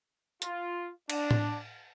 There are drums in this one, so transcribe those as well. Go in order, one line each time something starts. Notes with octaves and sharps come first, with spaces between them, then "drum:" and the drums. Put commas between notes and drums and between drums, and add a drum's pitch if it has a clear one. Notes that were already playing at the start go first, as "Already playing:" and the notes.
F4, drum: hi-hat
D4, drum: cymbal
drum: tom A2